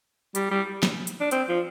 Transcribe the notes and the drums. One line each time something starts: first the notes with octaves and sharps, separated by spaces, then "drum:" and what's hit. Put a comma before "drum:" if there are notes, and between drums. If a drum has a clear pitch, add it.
G3, drum: hi-hat
G3
drum: snare
drum: hi-hat
D4
C4, drum: hi-hat
F3